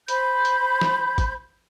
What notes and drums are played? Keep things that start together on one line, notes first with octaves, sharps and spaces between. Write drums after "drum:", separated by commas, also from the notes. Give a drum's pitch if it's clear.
C5 B5 G6, drum: hi-hat
drum: hi-hat
drum: snare
drum: kick, hi-hat